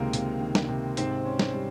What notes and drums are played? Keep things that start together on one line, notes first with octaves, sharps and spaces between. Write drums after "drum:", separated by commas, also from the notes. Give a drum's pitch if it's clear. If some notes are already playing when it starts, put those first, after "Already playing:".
Already playing: C#2 C3 D#3 G#3 A#3 A#4
C3, drum: hi-hat
D#3
drum: snare
C3
G#2 C4 C5, drum: hi-hat
C#4
drum: snare
G3